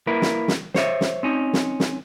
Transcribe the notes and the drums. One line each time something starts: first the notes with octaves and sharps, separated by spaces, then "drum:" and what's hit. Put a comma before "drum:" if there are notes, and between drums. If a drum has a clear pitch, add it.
A#3 E4 A#4 B4
drum: snare
drum: snare
C5 C#5 E5, drum: snare
drum: snare
C4 C#4 D#4
drum: snare
drum: snare